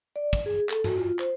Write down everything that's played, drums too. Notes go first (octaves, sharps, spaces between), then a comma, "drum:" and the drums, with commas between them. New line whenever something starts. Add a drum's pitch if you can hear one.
D5
drum: kick, hi-hat
G#4
A4, drum: clap
F#4, drum: tom G2
F4
C5, drum: clap